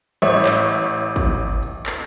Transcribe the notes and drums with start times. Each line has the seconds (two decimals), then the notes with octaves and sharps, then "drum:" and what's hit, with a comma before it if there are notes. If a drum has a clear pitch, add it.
0.22 A1 C#5 E5, drum: hi-hat
0.46 drum: clap
0.69 drum: hi-hat
1.16 drum: kick, hi-hat
1.63 drum: hi-hat
1.86 drum: clap